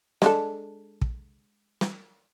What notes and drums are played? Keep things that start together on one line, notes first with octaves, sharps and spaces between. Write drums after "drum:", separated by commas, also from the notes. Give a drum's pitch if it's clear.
G#3 D4 A4, drum: snare
drum: kick
drum: snare